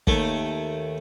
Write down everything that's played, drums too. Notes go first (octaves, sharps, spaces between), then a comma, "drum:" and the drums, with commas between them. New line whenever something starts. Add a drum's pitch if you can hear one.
D#2 A3, drum: kick